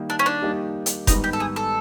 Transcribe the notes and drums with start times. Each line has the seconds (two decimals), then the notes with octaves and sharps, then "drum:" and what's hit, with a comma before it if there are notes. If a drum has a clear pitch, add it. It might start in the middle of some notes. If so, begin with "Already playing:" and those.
Already playing: D#3 G3 A#3 D#4 G4
0.10 D4
0.19 C#4
0.26 D4
0.42 D#3 G3 A#3 D#4 G4
0.86 drum: hi-hat
1.07 G#2 D#3 G3 B3 D#4, drum: kick F1, hi-hat
1.24 G4
1.33 A4
1.40 G#4
1.56 A4